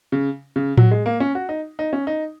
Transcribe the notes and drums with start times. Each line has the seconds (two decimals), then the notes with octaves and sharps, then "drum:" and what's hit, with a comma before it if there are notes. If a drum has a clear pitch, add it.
0.12 C#3
0.56 C#3
0.77 F#3, drum: tom A2
0.91 G#3
1.06 A#3
1.20 C#4
1.35 F#4
1.49 D#4
1.79 D#4
1.93 C#4
2.07 D#4